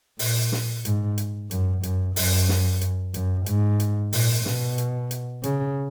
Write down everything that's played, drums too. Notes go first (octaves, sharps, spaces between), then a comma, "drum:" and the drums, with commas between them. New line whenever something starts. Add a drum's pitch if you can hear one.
A#2, drum: open hi-hat
drum: snare
G#2, drum: hi-hat
drum: hi-hat
F#2, drum: hi-hat
F#2, drum: hi-hat
F#2, drum: open hi-hat
drum: snare
drum: hi-hat
F#2, drum: hi-hat
G#2, drum: hi-hat
drum: hi-hat
A#2, drum: open hi-hat
B2, drum: snare
drum: hi-hat
drum: hi-hat
C#3, drum: hi-hat